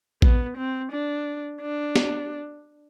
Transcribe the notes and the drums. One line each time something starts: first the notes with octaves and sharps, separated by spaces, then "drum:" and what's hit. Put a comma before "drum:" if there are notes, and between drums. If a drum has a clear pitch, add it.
B3, drum: kick A#1
C4
D4
D4
drum: snare